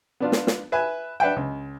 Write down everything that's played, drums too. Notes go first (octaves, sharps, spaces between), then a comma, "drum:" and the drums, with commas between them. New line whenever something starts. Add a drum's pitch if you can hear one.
B3 D4 F4
drum: snare
drum: snare
B4 E5 G#5
D4 B4 E5 F#5 G5
C#2